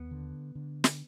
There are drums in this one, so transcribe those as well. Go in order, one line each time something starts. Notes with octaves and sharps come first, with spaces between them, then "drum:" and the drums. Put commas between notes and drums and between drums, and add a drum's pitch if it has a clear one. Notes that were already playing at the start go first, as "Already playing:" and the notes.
Already playing: D#2 B3
D3
D3
drum: snare